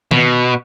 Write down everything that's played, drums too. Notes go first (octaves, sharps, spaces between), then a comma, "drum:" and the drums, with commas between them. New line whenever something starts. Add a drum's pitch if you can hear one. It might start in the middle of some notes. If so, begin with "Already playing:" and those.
B2, drum: tom D#3